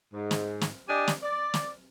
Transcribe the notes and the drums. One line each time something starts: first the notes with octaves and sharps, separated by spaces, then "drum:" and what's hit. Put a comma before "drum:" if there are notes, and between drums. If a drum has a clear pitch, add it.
G#2
drum: snare
drum: snare
D4 G4 D#5 G#5
drum: snare
D5
drum: snare